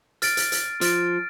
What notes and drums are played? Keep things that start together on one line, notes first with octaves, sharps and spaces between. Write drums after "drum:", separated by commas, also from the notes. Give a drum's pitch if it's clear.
F6 A6 D7, drum: hi-hat
drum: hi-hat
drum: hi-hat
F3 F6 A6 D7, drum: hi-hat